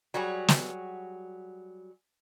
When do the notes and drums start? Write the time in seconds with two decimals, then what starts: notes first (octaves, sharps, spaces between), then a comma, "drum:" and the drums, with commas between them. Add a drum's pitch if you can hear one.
0.14 F#3 G3 F#4 G#4
0.48 drum: snare